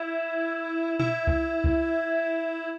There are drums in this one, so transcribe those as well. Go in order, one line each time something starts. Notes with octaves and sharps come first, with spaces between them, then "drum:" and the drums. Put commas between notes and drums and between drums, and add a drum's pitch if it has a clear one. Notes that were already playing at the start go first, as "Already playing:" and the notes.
Already playing: E4
E4, drum: tom A#2
drum: kick C2
drum: kick C2